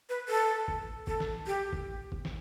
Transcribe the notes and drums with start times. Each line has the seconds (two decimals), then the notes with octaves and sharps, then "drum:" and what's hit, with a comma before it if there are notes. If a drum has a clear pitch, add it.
0.09 B4
0.29 A4
0.68 drum: kick G#1
1.07 A4, drum: kick G#1
1.20 drum: snare
1.47 G4
1.73 drum: kick G#1
2.12 drum: kick G#1
2.25 drum: snare